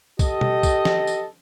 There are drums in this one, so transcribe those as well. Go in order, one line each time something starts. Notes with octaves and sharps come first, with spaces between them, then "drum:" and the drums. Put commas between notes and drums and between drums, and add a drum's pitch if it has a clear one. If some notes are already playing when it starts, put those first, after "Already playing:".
G4 A4 D#5, drum: kick, tambourine
drum: tom
drum: kick, tambourine
drum: snare
drum: tambourine